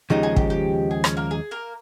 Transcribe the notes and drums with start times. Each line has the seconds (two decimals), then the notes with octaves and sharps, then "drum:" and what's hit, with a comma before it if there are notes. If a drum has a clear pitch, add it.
0.10 D#2 C#3 F3 G#3 D#4 G4
0.23 G#4
0.36 G4, drum: kick
0.50 G4
0.91 G#4
1.04 C#4, drum: rim click
1.17 A#3 A#4
1.31 G#4
1.51 A#3 A#4